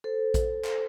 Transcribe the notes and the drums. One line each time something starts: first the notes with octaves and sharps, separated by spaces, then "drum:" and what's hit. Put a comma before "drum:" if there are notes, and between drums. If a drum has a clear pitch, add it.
A4 C5
drum: kick A#1, hi-hat
drum: clap